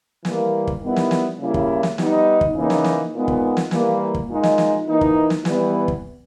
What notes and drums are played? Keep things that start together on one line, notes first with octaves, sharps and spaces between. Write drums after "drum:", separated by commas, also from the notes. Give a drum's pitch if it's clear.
E3 G3 A#3, drum: snare
drum: kick
D#3 G3 B3 E4
drum: snare
drum: snare
C#3 G3 A#3 E4
drum: kick
drum: snare
G3 B3 D#4, drum: snare
drum: kick
C#3 E3 A#3 D#4
drum: snare
drum: snare
A#2 G#3 B3 D#4
drum: kick
drum: snare
E3 G3 A#3, drum: snare
drum: kick
A#2 G#3 D#4
drum: snare
drum: snare
E3 A#3 D#4
drum: kick
drum: snare
E3 G3 B3, drum: snare
drum: kick